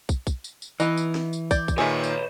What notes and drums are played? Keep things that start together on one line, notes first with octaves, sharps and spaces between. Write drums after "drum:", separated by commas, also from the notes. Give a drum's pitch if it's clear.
drum: kick, tambourine
drum: kick, tambourine
drum: tambourine
drum: tambourine
E3 B3 D#4 D#5, drum: tambourine
drum: tambourine
drum: snare
drum: tambourine
D5 G6, drum: kick, tambourine
drum: kick, tambourine
A#2 D#3 G#4 B4 C#5 E5
drum: tambourine